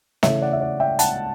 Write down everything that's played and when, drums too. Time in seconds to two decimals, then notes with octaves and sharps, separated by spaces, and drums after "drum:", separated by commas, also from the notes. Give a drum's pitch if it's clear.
0.23 C#3 E3 A3 C#5 E5, drum: snare
0.42 D5 F#5
0.53 E5
0.61 D5 F#5
0.80 E5 G5
0.99 F#5 A5, drum: hi-hat